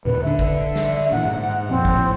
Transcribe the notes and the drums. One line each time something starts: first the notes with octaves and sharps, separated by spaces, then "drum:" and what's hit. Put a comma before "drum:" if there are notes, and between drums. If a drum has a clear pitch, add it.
D#2 A#2 C#3 B4
D3 D4 E5
drum: kick
drum: snare
A#2 E3 F#5
G#2
F2 A#2 F3 C4
drum: kick
A2